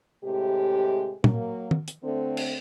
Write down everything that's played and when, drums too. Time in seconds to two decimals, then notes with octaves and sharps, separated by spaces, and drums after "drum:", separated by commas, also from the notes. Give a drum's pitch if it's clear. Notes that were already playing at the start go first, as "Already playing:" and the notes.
0.24 A2 C3 G#3 G4
1.24 F#3 A#3, drum: tom
1.71 drum: tom
1.88 drum: hi-hat
2.04 D3 A3 C4
2.37 drum: cymbal